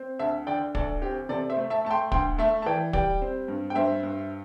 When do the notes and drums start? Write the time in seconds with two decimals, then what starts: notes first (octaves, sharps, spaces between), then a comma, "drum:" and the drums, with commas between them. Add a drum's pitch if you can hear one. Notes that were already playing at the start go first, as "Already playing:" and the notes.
Already playing: C4
0.19 D2 E5 A5
0.47 D3 D5 G5
0.75 D2 A4 D5, drum: kick
1.02 C4 G4
1.29 C3 A4 D5
1.50 C5 E5
1.57 A3
1.70 E5 A5
1.85 A3 A5
1.90 G5 C6
2.12 D2 G5 C6, drum: kick
2.38 A3 E5 A5
2.62 A5
2.66 E3 D5 G5
2.93 G3 D5 G5, drum: kick
3.22 C4
3.48 G2
3.70 G5
3.76 G2 C5 E5
4.03 G2